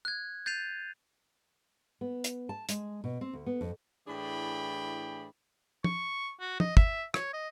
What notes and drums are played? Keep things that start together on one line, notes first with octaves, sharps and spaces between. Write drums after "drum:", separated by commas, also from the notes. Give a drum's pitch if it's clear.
F#6 G#6
G6 A6 C7 D#7 F7
B3
drum: hi-hat
A5
G#3, drum: hi-hat
B2
C4
D2
B3
F2
A2 E3 D4 G#4 G5 B5
C#6, drum: tom
F#4
D#5, drum: tom
E5, drum: kick
C#5, drum: rim click
D#5